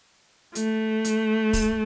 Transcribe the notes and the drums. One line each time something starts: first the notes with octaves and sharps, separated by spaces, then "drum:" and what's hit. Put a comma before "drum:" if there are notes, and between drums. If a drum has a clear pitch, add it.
A3, drum: hi-hat
drum: hi-hat
drum: kick, open hi-hat